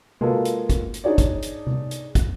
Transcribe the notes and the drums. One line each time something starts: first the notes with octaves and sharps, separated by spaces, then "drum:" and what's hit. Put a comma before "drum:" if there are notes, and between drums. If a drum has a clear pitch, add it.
G#3 A#3 F4 F#4 A4 B4, drum: tom C3
drum: hi-hat
drum: kick, hi-hat
drum: hi-hat
D4 D#4 G#4 C#5 D5
drum: kick, hi-hat
drum: hi-hat
drum: tom C3
drum: hi-hat
drum: kick, hi-hat